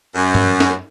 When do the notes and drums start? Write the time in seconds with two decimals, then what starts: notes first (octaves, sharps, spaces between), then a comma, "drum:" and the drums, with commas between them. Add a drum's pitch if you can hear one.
0.15 F#2
0.35 drum: tom G2
0.60 drum: snare